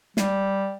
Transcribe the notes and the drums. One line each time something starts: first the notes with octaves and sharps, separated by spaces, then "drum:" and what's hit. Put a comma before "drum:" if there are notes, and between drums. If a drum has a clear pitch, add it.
G3, drum: snare